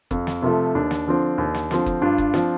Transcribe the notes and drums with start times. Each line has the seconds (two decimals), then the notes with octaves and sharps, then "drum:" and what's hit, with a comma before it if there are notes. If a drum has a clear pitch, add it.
0.11 F2, drum: kick F#1
0.27 drum: snare
0.42 C3 F3 A3
0.75 D#2 D4
0.91 drum: snare
1.07 D3 F3 C4
1.38 D#2
1.54 drum: snare
1.71 D3 F3 C4, drum: snare
1.86 drum: kick F#1
2.02 G2 D4 F4
2.18 drum: kick F#1
2.34 F3 C4, drum: snare